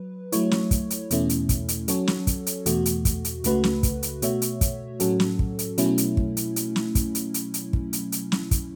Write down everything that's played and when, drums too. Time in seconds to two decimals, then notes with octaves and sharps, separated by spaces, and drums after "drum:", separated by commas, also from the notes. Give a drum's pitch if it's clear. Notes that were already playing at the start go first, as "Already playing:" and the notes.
Already playing: F#3 B4
0.32 F#3 A3 E4 C#5, drum: hi-hat
0.51 drum: snare
0.71 drum: kick, hi-hat
0.90 drum: hi-hat
1.11 E2 B2 A3 C#4 E4, drum: hi-hat
1.29 drum: hi-hat
1.49 drum: kick, hi-hat
1.68 drum: hi-hat
1.88 F#3 C#4 F#4 A4 C#5, drum: hi-hat
2.08 drum: snare
2.27 drum: kick, hi-hat
2.47 drum: hi-hat
2.66 E2 B2 A3 F#4, drum: hi-hat
2.86 drum: hi-hat
3.05 drum: kick, hi-hat
3.25 drum: hi-hat
3.44 C#2 C#3 A3 F#4 B4, drum: hi-hat
3.64 drum: snare
3.83 drum: kick, hi-hat
4.03 drum: hi-hat
4.22 B2 A3 F#4 C#5 E5, drum: hi-hat
4.42 drum: hi-hat
4.61 drum: kick, hi-hat
5.00 A2 F#3 C#4 F#4 A4, drum: hi-hat
5.20 drum: snare
5.39 drum: kick
5.59 drum: hi-hat
5.78 B2 F#3 A3 C#4 E4, drum: hi-hat
5.98 drum: hi-hat
6.17 drum: kick
6.37 drum: hi-hat
6.56 drum: hi-hat
6.76 drum: snare
6.95 drum: kick, hi-hat
7.15 drum: hi-hat
7.34 drum: hi-hat
7.54 drum: hi-hat
7.73 drum: kick
7.93 drum: hi-hat
8.12 drum: hi-hat
8.32 drum: snare
8.51 drum: kick, hi-hat